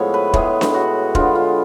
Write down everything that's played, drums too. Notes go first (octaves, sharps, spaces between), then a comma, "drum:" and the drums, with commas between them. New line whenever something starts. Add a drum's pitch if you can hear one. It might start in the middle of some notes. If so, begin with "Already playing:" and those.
Already playing: A2 F3 G#3 B3 C#5
B4
A2 G#3 B3 G#4, drum: kick
drum: snare D4
F#4
D3 G#3 B3 F4, drum: kick
F4